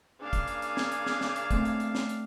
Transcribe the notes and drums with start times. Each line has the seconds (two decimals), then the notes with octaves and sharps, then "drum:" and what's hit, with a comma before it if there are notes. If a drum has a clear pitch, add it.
0.20 C#3 A#3 D4 G#4 F5
0.33 drum: kick, hi-hat
0.48 drum: hi-hat
0.62 drum: hi-hat
0.77 drum: snare
0.92 drum: hi-hat
1.06 drum: snare
1.21 drum: snare
1.36 drum: hi-hat
1.51 A3 C4, drum: kick, hi-hat
1.65 drum: hi-hat
1.80 drum: hi-hat
1.95 drum: snare
2.09 drum: hi-hat